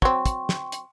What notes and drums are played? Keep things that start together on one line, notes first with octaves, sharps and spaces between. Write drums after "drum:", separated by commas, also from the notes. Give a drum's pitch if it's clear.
F#3 C4 G5 C6 C#6, drum: kick
drum: kick, hi-hat
drum: snare
drum: hi-hat